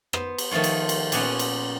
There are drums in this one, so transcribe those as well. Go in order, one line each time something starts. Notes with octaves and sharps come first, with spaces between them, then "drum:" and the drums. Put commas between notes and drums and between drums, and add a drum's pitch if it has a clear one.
B3 C5, drum: rim click
drum: cymbal
D#3 F3 A3 F4 C#5
drum: cymbal
drum: cymbal
A#2 A#3 B3 C#4 F#5, drum: cymbal
drum: cymbal